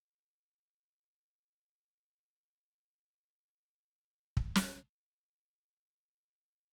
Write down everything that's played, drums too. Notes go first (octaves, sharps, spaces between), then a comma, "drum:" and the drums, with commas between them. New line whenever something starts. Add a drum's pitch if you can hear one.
D#2 G#3 A#3 A4 A#4
C#4 F4 F#5
drum: kick
drum: snare
C2
F#4